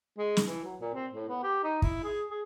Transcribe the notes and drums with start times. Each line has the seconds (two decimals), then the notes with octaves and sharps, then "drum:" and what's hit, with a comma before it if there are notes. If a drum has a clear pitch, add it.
0.18 G#3
0.37 drum: snare
0.46 E3
0.64 F#3
0.80 A#2
0.94 C4
1.14 A2
1.29 B3
1.43 G4
1.63 D#4
1.82 E4, drum: kick
2.04 G#4
2.30 G#4